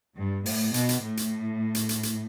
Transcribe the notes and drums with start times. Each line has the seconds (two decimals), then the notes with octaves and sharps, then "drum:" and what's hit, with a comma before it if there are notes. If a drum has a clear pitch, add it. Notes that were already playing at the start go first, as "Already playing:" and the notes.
0.17 G2
0.46 A2, drum: open hi-hat
0.74 B2, drum: hi-hat
0.89 drum: hi-hat
1.03 A2
1.17 drum: hi-hat
1.75 drum: hi-hat
1.89 drum: hi-hat
2.03 drum: hi-hat